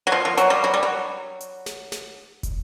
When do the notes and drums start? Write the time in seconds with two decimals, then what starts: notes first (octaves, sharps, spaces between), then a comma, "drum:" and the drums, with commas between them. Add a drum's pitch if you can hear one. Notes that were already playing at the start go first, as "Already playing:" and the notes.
0.07 F#3
0.12 F3
0.25 F3
0.37 F#3, drum: hi-hat
0.50 G3
0.64 F#3
0.74 G3
0.83 F#3
1.41 drum: hi-hat
1.66 drum: snare
1.92 drum: snare
2.43 drum: kick, hi-hat